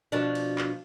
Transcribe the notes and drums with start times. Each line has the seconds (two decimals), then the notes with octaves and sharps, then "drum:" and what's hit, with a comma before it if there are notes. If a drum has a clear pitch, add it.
0.12 B2 F3 D4
0.35 drum: cymbal
0.58 drum: clap